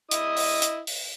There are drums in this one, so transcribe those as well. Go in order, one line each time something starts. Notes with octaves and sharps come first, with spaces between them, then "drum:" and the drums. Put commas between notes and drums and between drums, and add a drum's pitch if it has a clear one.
E4 D#5 D#6, drum: hi-hat
drum: open hi-hat
drum: hi-hat
drum: open hi-hat